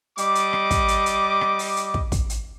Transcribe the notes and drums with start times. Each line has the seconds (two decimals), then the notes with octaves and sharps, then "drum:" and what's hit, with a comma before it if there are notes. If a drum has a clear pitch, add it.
0.18 G3 D#5 D6, drum: hi-hat
0.35 drum: hi-hat
0.53 drum: rim click
0.71 drum: kick, hi-hat
0.88 drum: hi-hat
1.06 drum: hi-hat
1.41 drum: rim click
1.59 drum: open hi-hat
1.77 drum: hi-hat
1.94 drum: kick
2.12 drum: kick, hi-hat
2.30 drum: hi-hat